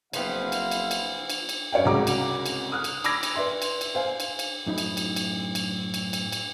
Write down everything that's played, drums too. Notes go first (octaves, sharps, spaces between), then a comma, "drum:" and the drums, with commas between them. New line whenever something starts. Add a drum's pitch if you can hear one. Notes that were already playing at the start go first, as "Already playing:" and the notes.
F#1 F3 B3 C4 E4 F5, drum: cymbal
drum: cymbal
drum: cymbal
drum: cymbal
drum: cymbal
drum: cymbal
F#2 C#5 F5 G5
C2 C#3 G#3 F#4 A#5 D6
drum: cymbal
drum: cymbal
D#6 F6 F#6
drum: cymbal
B5 D6 E6 G#6 A#6, drum: cymbal
drum: cymbal
B4 D5 E5 C6
drum: cymbal
drum: cymbal
C5 F5 G#5
drum: cymbal
drum: cymbal
F#2 A2 D#4 E5 B5
drum: cymbal
drum: cymbal
drum: cymbal
drum: cymbal
drum: cymbal
drum: cymbal
drum: cymbal